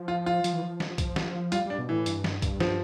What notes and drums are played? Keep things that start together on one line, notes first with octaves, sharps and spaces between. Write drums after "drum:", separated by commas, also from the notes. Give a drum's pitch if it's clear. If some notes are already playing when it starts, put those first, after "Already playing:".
Already playing: F3
F4
F4
F3, drum: hi-hat
E3
F3
drum: snare
drum: kick, hi-hat
drum: snare
G3 F4, drum: hi-hat
G3 D4
B2
A2 E3
G2, drum: hi-hat
drum: snare
drum: kick, hi-hat
F3, drum: snare